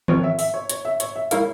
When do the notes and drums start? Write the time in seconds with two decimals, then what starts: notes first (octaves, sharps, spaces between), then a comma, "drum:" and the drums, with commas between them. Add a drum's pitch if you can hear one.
0.08 F3 C4 F4 A#4 C#5, drum: tom D#3
0.24 E5
0.39 E5, drum: open hi-hat
0.54 C#5
0.69 C#5, drum: hi-hat
0.85 E5
1.00 C#5, drum: hi-hat
1.16 E5
1.31 G#3 E4 A#4 C#5 F5, drum: hi-hat